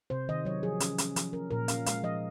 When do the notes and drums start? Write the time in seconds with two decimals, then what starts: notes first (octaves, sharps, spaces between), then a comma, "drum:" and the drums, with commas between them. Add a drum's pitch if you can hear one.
0.10 C3 C5
0.29 D#3 D#5
0.45 F#3 C#5
0.63 F3 G#4
0.80 C#4, drum: hi-hat
0.98 C#4, drum: hi-hat
1.16 F3, drum: hi-hat
1.33 C#4 A#4
1.51 A#2 A#4
1.68 C#4 F5, drum: hi-hat
1.86 G#3 F5, drum: hi-hat
2.03 F3 D#5